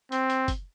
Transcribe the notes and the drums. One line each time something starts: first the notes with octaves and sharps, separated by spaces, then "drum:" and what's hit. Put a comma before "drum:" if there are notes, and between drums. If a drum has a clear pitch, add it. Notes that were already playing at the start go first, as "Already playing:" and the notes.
C4, drum: hi-hat
drum: hi-hat
drum: kick, hi-hat